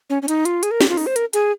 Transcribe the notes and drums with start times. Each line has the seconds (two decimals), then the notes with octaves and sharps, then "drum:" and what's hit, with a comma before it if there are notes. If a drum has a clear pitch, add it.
0.10 C#4
0.22 C#4
0.28 D#4, drum: hi-hat
0.45 F4, drum: hi-hat
0.63 G#4, drum: hi-hat
0.71 A#4
0.81 G4, drum: snare
0.89 F4
0.97 D#4, drum: open hi-hat
1.06 C5
1.16 A#4, drum: hi-hat
1.33 G#4, drum: hi-hat